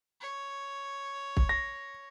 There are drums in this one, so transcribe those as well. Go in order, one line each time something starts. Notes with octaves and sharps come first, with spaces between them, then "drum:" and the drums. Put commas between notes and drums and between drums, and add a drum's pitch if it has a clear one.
C#5
drum: kick
A#6